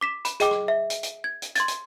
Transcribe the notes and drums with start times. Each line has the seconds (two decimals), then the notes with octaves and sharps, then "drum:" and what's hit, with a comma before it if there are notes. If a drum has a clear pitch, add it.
0.01 D6 B6 E7
0.25 B5, drum: hi-hat
0.40 G#4 D#5 G5 D6, drum: hi-hat
0.51 drum: rim click
0.68 E5
0.90 drum: hi-hat
1.03 drum: hi-hat
1.24 G#6
1.42 drum: hi-hat
1.55 C6 G#6 A6, drum: hi-hat
1.68 drum: hi-hat